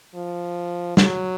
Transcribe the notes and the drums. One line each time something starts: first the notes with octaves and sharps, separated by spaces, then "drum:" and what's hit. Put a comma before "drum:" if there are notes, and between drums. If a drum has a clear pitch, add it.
F3
F#3, drum: snare